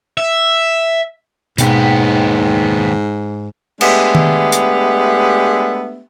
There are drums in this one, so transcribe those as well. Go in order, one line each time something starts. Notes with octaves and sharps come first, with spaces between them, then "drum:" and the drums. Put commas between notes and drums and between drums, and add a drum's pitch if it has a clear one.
E5
D#2 G#2 B2 B3 G5 B6, drum: hi-hat
G#3 A3 B3 D4 G4 E5, drum: cymbal
drum: tom D#3
drum: hi-hat